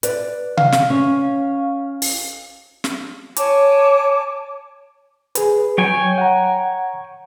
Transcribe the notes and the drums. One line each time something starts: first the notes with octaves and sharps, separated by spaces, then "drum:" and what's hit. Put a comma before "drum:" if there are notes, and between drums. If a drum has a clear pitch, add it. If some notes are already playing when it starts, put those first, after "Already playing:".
B4 D5, drum: hi-hat
F5, drum: tom C3
drum: snare
C#4
drum: open hi-hat
drum: snare
C#5 G#5 A5 D6, drum: hi-hat
G#4 B4, drum: hi-hat
F#3 C#5 G5 G#5
F#5 A#5